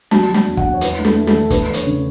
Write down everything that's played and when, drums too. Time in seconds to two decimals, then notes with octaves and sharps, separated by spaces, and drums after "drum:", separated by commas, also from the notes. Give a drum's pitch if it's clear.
0.11 F#3 A5, drum: snare
0.28 F#3
0.34 G5, drum: snare
0.46 E2
0.57 F#5, drum: kick
0.63 E2
0.74 C#5
0.81 E4 B4, drum: hi-hat
0.98 A3
1.05 A4, drum: snare
1.16 A3
1.27 A4, drum: snare
1.33 E3
1.50 E2 B4, drum: kick, hi-hat
1.68 E2
1.74 C#5, drum: hi-hat
1.86 C#3